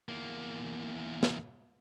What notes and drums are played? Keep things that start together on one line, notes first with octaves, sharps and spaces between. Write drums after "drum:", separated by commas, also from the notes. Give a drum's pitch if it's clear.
E2 A#3
drum: snare